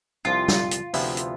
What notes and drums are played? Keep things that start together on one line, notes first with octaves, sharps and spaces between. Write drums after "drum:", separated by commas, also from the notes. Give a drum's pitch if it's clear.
C2 C3 F3 F4
drum: snare
drum: hi-hat
D2 C3 F3 B3 E4, drum: open hi-hat
drum: hi-hat